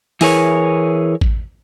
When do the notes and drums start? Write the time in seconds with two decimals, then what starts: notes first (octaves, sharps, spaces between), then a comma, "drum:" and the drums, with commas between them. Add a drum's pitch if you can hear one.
0.21 E3 E4 G#4 A#4 B4 C#5, drum: open hi-hat
1.21 drum: kick A1